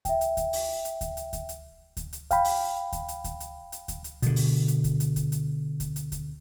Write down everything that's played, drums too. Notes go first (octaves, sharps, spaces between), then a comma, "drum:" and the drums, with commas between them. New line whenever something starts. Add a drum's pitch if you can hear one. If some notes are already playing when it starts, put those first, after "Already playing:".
E5 G5, drum: kick D2, hi-hat
drum: hi-hat
drum: kick D2, hi-hat
drum: open hi-hat
drum: hi-hat
drum: kick D2, hi-hat
drum: hi-hat
drum: kick D2, hi-hat
drum: hi-hat
drum: kick D2, hi-hat
drum: hi-hat
F5 G5 B5, drum: kick D2, hi-hat
drum: open hi-hat
drum: kick D2, hi-hat
drum: hi-hat
drum: kick D2, hi-hat
drum: hi-hat
drum: hi-hat
drum: kick D2, hi-hat
drum: hi-hat
B2 D3, drum: kick D2, hi-hat
drum: open hi-hat
drum: hi-hat
drum: kick D2, hi-hat
drum: hi-hat
drum: kick D2, hi-hat
drum: hi-hat
drum: kick D2, hi-hat
drum: hi-hat
drum: kick D2, hi-hat